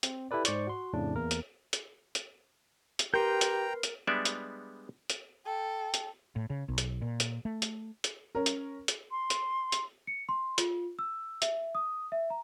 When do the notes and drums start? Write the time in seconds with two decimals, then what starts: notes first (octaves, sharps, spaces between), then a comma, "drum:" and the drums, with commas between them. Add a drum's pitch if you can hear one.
0.03 C4, drum: hi-hat
0.31 E4 G4 A4 B4 D5
0.45 G#2 C5 D5 C#6 C#7, drum: hi-hat
0.67 F#4 C6
0.93 F2 A2 C#3 D4
1.15 E2 A#3 A#4
1.31 drum: hi-hat
1.73 drum: hi-hat
2.15 drum: hi-hat
2.99 drum: hi-hat
3.14 G4 A#4 B4 G5 A#5 C6 G6
3.41 drum: hi-hat
3.83 drum: hi-hat
4.07 G3 G#3 B3 D4 D5 E5
4.25 drum: hi-hat
5.10 drum: hi-hat
5.46 A4 G5
5.94 drum: hi-hat
6.36 A2
6.50 C#3
6.69 B1
6.78 drum: hi-hat
7.02 A#2
7.20 drum: hi-hat
7.45 A3
7.62 drum: hi-hat
8.04 drum: hi-hat
8.35 C#4 A#4
8.46 drum: hi-hat
8.88 drum: hi-hat
9.11 C6
9.30 drum: hi-hat
9.72 drum: hi-hat
10.07 C#7
10.29 C6
10.58 F4, drum: hi-hat
10.99 E6
11.42 E5, drum: hi-hat
11.75 D#6
12.12 E5
12.30 A#5